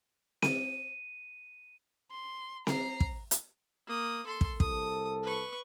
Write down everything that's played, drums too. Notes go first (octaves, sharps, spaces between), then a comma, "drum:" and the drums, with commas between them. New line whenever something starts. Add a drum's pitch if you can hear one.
D#7, drum: snare C4
C6
A#5 C7, drum: snare C4
drum: kick
drum: hi-hat
A#3 D#6
A4 C6
drum: kick
C2 A4 D#6, drum: kick
B4 C#6